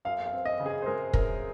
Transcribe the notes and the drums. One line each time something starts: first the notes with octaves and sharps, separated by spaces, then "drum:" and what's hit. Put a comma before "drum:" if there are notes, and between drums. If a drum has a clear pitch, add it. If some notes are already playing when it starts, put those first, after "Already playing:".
F#2 F5
F5
C4
D#5
C#3
G#4
C5
G#3 A#4
F#2 A#4, drum: kick